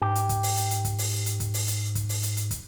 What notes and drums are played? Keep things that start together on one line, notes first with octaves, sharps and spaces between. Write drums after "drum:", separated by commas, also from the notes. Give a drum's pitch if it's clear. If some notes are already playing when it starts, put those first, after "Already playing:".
G#2 G4
drum: hi-hat
drum: kick, hi-hat
drum: open hi-hat
drum: hi-hat
drum: hi-hat
drum: kick, hi-hat
drum: open hi-hat
drum: hi-hat
drum: kick, hi-hat
drum: open hi-hat
drum: hi-hat
drum: kick, hi-hat
drum: open hi-hat
drum: hi-hat
drum: hi-hat
drum: kick, hi-hat